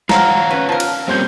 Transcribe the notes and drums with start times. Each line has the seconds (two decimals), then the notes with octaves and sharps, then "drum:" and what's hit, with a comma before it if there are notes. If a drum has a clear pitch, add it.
0.09 F3 F4 C#5 F5 F#5 A#5, drum: snare
0.51 C#4 B4
0.69 F3 A#4 A5
0.80 drum: cymbal
1.08 G3 A#3 C4 C#4 C6 G6